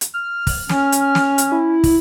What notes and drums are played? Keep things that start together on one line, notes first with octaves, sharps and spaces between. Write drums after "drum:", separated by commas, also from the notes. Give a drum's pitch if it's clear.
drum: hi-hat
F6
drum: kick, open hi-hat
C#4, drum: snare
drum: hi-hat
drum: snare
drum: hi-hat
E4
drum: kick, open hi-hat